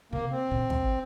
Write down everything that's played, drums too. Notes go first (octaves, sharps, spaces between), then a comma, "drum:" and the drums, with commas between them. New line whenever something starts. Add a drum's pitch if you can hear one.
C3 A#3
C4
A#2
drum: kick